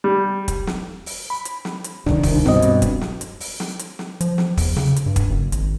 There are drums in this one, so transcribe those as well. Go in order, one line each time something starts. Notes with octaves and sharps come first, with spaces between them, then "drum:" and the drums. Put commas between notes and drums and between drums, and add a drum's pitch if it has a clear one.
G3
drum: kick, hi-hat
drum: snare
drum: open hi-hat
B5
drum: hi-hat
drum: snare
drum: hi-hat
D1 C2 D#3 D4, drum: snare
drum: kick, open hi-hat
G2 B2 C4 D#5, drum: snare
drum: hi-hat
drum: kick, hi-hat
drum: snare
drum: hi-hat
drum: open hi-hat
drum: snare
drum: hi-hat
drum: snare
F3, drum: hi-hat
drum: snare
E2, drum: kick, open hi-hat
C#3, drum: snare
drum: hi-hat
G2
drum: kick, hi-hat
F#1
G#1, drum: hi-hat